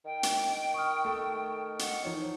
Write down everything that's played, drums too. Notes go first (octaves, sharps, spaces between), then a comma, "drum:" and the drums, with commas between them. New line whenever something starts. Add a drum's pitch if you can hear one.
D#3 G5
drum: hi-hat
C#6 D#6 F6
A3 A4
F#5, drum: hi-hat
E3 F3 D#4 C#5